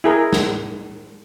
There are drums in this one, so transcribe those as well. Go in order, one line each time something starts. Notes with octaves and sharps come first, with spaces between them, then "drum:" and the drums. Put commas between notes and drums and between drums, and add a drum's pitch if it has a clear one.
E4 G#4 A#4
drum: snare